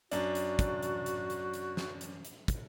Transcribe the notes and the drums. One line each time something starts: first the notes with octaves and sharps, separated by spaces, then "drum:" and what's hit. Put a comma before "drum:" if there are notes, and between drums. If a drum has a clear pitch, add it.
F#2 D4 F#4, drum: hi-hat
drum: hi-hat
drum: kick, hi-hat
drum: hi-hat
drum: hi-hat
drum: hi-hat
drum: hi-hat
drum: snare
drum: hi-hat
drum: hi-hat
drum: kick, hi-hat